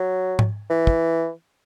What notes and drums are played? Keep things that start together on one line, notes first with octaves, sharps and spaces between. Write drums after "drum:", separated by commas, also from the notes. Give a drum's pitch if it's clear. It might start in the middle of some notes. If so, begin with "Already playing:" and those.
Already playing: F#3
drum: tom G#2
E3
drum: kick